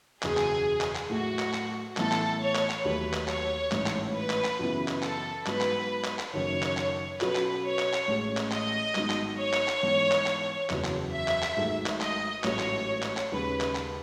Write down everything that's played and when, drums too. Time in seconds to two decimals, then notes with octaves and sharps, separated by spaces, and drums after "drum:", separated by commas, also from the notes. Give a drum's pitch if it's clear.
0.23 F#1 E2 B2 G#4, drum: clap
0.37 drum: clap
0.81 drum: clap
0.95 drum: clap
1.10 A2 F#3 A3 F#4
1.39 drum: clap
1.54 drum: clap
1.97 A2 E3 B3 A4, drum: clap
2.12 drum: clap
2.41 C#5
2.55 drum: clap
2.70 drum: clap
2.84 D#2 D#3 F#3 A3 B4
3.14 drum: clap
3.28 C#5, drum: clap
3.72 A1 G#2 E3, drum: clap
3.86 drum: clap
4.15 B4
4.30 drum: clap
4.44 drum: clap
4.59 F#2 C#3 E3 B3 E4
4.88 drum: clap
5.03 A4, drum: clap
5.46 G#2 F#3 B3 B4, drum: clap
5.61 drum: clap
6.04 drum: clap
6.19 drum: clap
6.33 F#1 F#2 D#3 C#5
6.63 drum: clap
6.77 drum: clap
7.21 B2 F#3 C#4 F#4 A4 B4, drum: clap
7.35 drum: clap
7.65 C#5
7.79 drum: clap
7.93 drum: clap
8.08 A1 A2 G#3 C#4
8.37 drum: clap
8.52 D#5, drum: clap
8.95 G#1 G#2 F#3 B3 D#4, drum: clap
9.10 drum: clap
9.39 C#5
9.53 drum: clap
9.68 drum: clap
9.83 G#2 E3 B3 E4
10.12 drum: clap
10.26 drum: clap
10.70 F#1 E2 C#3 F#3, drum: clap
10.84 drum: clap
11.13 E5
11.28 drum: clap
11.43 drum: clap
11.57 G#1 G#2 F#3 A3
11.86 drum: clap
12.01 D#5, drum: clap
12.44 A1 G#2 F#3 A3 C#5, drum: clap
12.59 drum: clap
13.03 drum: clap
13.17 drum: clap
13.32 D#2 C#3 G#3 B4
13.61 drum: clap
13.75 drum: clap